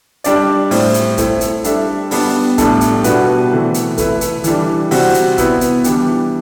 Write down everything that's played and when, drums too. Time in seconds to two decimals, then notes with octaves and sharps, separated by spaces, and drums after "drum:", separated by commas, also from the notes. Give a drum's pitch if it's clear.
0.24 G3 D4 G4 D5, drum: hi-hat
0.71 A2 G3 C4, drum: open hi-hat
0.94 drum: hi-hat
1.18 A3 C4 E4, drum: kick G#1, hi-hat
1.41 drum: hi-hat
1.64 G3 D4 A4 E5, drum: hi-hat
2.11 G3 B3 D4, drum: open hi-hat
2.58 A2 G3 D4 A4, drum: kick G#1, hi-hat
2.81 drum: hi-hat
3.04 B2 G3 D4 F#4 B4, drum: hi-hat
3.51 C3 E3 A3
3.74 drum: hi-hat
3.98 A3 E4 B4 E5, drum: kick G#1, hi-hat
4.21 drum: hi-hat
4.44 E3 G3 D4, drum: hi-hat
4.91 C3 G3 C4 F#4, drum: open hi-hat
5.14 drum: hi-hat
5.38 B3 E4 B4, drum: kick G#1, hi-hat
5.61 drum: hi-hat
5.84 E3 G3 D4 G4, drum: hi-hat